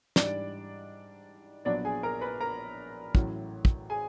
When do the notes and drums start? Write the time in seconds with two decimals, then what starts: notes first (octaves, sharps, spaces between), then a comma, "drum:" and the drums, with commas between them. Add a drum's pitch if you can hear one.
0.16 G#2 E3 G3 D4 D5, drum: snare
1.65 A#1 A#2 F#3 B3 D4 D5
1.85 G#4 G#5
2.03 A#4 A#5
2.21 B4 B5
2.40 A#4 A#5
3.15 A1 A2 F#3, drum: kick
3.65 drum: kick
3.90 G#4 G#5